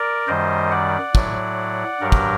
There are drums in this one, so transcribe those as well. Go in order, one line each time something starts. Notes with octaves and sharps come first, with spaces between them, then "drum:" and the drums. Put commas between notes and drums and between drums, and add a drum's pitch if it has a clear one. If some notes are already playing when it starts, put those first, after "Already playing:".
Already playing: A#4 D5
F#2 D#3 G3 C5 D#5
D5 F#5
A2 F#3, drum: kick
G2 F#3 G4 A#4
drum: kick